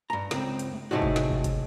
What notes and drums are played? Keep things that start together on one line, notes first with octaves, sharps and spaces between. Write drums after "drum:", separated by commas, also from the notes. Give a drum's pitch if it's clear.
G2 A#5
C#2 C4, drum: snare
drum: hi-hat
drum: tom G#3
A2 C3 G#3 A3 D#4 F#4
drum: kick
drum: snare
drum: kick
drum: kick, hi-hat